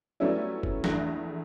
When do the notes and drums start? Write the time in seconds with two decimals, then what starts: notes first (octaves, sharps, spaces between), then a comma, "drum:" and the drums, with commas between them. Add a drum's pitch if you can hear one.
0.20 F#3 G3 A3 B3 C#4 E4
0.63 drum: kick F1
0.84 A#1 E2 A3 F#6 A#6, drum: snare